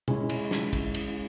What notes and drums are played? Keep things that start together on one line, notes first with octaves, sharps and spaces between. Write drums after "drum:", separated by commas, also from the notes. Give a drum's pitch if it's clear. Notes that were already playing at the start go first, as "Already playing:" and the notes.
G#3 C#4 E4, drum: tom
drum: cymbal
drum: snare
drum: kick, cymbal
drum: cymbal